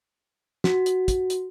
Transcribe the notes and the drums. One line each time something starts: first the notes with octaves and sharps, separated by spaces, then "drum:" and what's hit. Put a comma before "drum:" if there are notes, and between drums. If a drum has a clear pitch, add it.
F#4, drum: snare
drum: hi-hat
drum: kick, hi-hat
drum: hi-hat